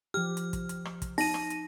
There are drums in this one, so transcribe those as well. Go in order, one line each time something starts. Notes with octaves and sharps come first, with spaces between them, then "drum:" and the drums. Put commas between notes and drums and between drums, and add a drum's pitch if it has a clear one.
F3 G4 F6
drum: hi-hat
drum: kick, hi-hat
drum: hi-hat
drum: rim click
drum: kick, hi-hat
D#4 A#6 D#7, drum: open hi-hat
drum: rim click
drum: hi-hat